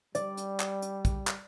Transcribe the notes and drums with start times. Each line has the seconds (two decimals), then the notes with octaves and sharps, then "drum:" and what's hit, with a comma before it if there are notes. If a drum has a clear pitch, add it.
0.15 G3 D5, drum: hi-hat
0.37 drum: hi-hat
0.60 drum: clap
0.82 drum: hi-hat
1.05 drum: kick, hi-hat
1.27 drum: clap